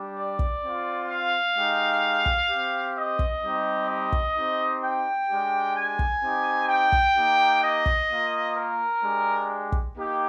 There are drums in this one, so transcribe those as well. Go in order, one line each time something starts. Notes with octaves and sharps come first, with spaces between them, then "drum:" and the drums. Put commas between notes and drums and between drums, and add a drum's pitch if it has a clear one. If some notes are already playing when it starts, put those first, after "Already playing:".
Already playing: G3 D4 G4
D5
drum: kick
C4 F4
F5
G#3 D#4 G4
drum: kick
C4 G4
D#5
drum: kick
G3 C4 D#4 G4
D#5
drum: kick
C4 D#4 G4
G5
G#3 D4 G4
G#5
drum: kick
C4 D#4 G4
G5
drum: kick
A#3 D#4 G4
D#5
drum: kick
A#3 F4
A#4
G#3 D4 G4
drum: kick
A#3 D#4 G4